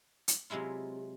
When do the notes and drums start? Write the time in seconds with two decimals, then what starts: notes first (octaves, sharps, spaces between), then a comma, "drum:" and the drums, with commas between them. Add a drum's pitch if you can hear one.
0.28 drum: hi-hat
0.50 C3 F#3 G#3 E4 F4